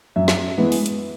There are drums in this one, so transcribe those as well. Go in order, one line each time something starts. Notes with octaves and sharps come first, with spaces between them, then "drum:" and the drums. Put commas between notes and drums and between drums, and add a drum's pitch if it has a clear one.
F#2 E5
drum: snare
E3 G#3 B3
drum: open hi-hat
drum: hi-hat